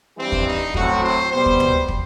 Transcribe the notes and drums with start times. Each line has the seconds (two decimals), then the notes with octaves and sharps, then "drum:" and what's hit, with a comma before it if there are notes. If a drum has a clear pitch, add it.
0.17 G2 E3 G3 C4
0.32 drum: kick
0.47 D#4
0.74 A2 F#3 A3 C4 F#4, drum: kick
1.02 C5
1.31 B2 G3 B3 C5
1.46 drum: kick
1.60 drum: tom D2
1.88 drum: kick